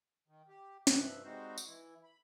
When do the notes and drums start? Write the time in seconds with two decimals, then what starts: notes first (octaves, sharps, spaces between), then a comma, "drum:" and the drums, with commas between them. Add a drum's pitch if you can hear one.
0.28 D#3
0.49 G4
0.87 G2 C3 F3 E5 F#6, drum: snare
1.24 G3 G#3 C4 D#4 F#4 C5
1.58 drum: tambourine
1.67 E3 E4
2.03 B5